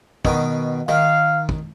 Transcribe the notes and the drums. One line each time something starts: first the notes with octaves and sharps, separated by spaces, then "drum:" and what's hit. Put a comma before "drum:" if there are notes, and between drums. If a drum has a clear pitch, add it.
B2 D#3, drum: kick
D#3 F5, drum: rim click
drum: kick